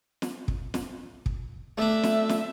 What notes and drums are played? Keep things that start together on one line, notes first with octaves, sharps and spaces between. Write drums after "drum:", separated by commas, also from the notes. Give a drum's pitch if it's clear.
drum: snare
drum: kick
drum: snare
drum: kick
A3 D4 E5
drum: snare
drum: snare